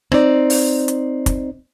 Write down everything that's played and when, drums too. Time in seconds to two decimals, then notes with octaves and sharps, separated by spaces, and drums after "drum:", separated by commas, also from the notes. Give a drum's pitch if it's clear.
0.12 C4 D#4 D5, drum: rim click
0.50 drum: open hi-hat
0.88 drum: hi-hat
1.26 drum: kick, hi-hat